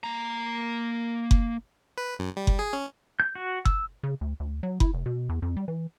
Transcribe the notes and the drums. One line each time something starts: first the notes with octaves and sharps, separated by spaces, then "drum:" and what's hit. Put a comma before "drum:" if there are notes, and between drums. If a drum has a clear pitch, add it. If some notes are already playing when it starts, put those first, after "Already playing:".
A#3 A#5
drum: kick F#1
B4
F#2
G3
drum: kick F#1
G#4
C#4
G6
F#4
E6, drum: kick F#1
C#3
D2
D2
F#3
E4, drum: kick F#1
F1
B2
E2
F2
G3
E3